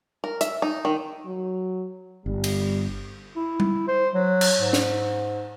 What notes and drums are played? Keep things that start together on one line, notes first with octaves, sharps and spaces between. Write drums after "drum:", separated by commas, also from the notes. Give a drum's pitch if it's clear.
A#4
E5, drum: hi-hat
D#4
D#3
F#3
G1 G3
drum: cymbal
E4
drum: tom G3
C5
F#3
drum: cymbal
G#2
drum: snare